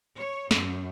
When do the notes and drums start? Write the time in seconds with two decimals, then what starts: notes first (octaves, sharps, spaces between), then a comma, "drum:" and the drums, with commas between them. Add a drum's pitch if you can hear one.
0.17 C#5
0.51 F#2, drum: snare